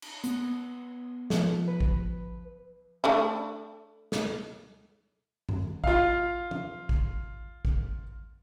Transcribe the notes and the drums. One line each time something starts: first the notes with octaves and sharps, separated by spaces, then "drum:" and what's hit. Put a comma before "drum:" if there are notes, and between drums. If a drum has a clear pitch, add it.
drum: cymbal
B3, drum: hi-hat
F3, drum: snare
B4
drum: kick A1
A3 D4 E4
drum: snare
drum: tom F#2
F4 F5, drum: kick A1
drum: tom
drum: kick A1
drum: kick A1